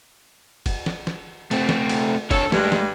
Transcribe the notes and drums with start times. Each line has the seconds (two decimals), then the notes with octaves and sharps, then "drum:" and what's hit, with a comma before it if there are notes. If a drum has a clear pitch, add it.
0.66 drum: kick, cymbal
0.86 drum: snare
1.07 drum: snare
1.51 A3 C4, drum: cymbal
1.69 drum: snare
1.89 drum: cymbal
2.31 D3 A4 C#5, drum: kick, cymbal
2.52 G2 G#3 A3, drum: snare
2.72 drum: snare